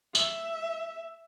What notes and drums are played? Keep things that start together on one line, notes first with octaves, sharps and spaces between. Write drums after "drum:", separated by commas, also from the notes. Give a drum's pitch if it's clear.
E5, drum: tambourine